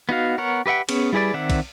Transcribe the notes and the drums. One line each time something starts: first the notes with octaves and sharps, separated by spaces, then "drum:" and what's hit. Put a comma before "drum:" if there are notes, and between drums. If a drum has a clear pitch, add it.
B3 D#4 F#4 F5
B3 A#4 C#5 F#5
G4 B4 E5 F#5 G5
B3 C#4 G#4, drum: cymbal
G3 E4 G#4 B4 D5
D#3 C4 D5 E5 F#5
drum: kick, cymbal